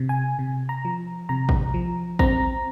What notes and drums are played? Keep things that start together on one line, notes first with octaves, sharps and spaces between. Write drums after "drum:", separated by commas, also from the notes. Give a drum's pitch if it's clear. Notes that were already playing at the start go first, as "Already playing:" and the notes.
Already playing: C3
G#5
C3
A#5
F3
C3 A#5
drum: kick
F3
C4 A#5, drum: kick